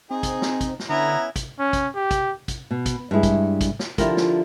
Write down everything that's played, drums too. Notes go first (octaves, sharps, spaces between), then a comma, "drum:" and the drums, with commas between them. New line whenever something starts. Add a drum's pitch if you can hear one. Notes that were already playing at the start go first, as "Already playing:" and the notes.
C4 D#4 G#4
drum: kick, hi-hat
drum: snare
drum: kick, hi-hat
drum: snare
D3 B3 C#4 E4 A#5
drum: kick, hi-hat
C#4
drum: kick, hi-hat
G4
drum: kick, hi-hat
drum: kick, hi-hat
B2
drum: kick, hi-hat
G2 G#3 E4 G#4
drum: kick, hi-hat
drum: kick, hi-hat
drum: snare
D3 F3 E4 F4 G4 A#4, drum: kick, hi-hat
drum: snare